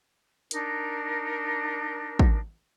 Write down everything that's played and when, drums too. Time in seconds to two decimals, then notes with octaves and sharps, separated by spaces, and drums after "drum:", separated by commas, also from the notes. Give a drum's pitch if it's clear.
0.51 D4 D#4 A#4, drum: hi-hat
2.19 drum: kick